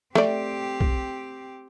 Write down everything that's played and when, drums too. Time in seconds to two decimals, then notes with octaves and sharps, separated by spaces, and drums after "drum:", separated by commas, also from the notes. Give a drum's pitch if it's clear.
0.15 A3 C4 G4 D5, drum: snare
0.81 drum: kick B1